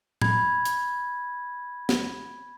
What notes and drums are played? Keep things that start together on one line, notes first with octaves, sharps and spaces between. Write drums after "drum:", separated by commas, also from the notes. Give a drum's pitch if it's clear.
B5 G#6, drum: tom A2
drum: hi-hat
drum: snare